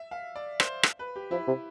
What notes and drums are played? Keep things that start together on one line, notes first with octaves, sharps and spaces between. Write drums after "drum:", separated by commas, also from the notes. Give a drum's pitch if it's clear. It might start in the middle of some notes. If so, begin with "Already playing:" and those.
Already playing: E5
F5
D5
C5, drum: rim click
drum: rim click
B4
G4
F3 E4
C3